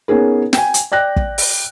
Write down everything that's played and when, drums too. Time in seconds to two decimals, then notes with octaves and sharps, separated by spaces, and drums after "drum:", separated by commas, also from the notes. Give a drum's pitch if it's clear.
0.08 B3 C#4 D#4 G#4 A#4
0.53 G5 G#5, drum: snare
0.74 drum: hi-hat
0.92 D5 G5 F#6 A#6
1.17 drum: kick
1.38 drum: open hi-hat